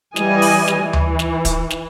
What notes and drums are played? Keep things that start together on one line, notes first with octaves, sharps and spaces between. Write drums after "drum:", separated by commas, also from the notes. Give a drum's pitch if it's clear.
E3 G3 D#5 G#5, drum: snare
drum: open hi-hat
drum: snare
E3
drum: tom D2
drum: snare
drum: kick, hi-hat
drum: snare